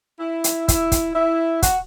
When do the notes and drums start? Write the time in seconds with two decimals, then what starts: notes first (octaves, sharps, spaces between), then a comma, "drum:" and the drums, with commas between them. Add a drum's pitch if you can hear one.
0.20 E4
0.44 drum: hi-hat
0.68 E4, drum: kick, hi-hat
0.92 drum: kick, hi-hat
1.15 E4
1.62 F#4, drum: kick, hi-hat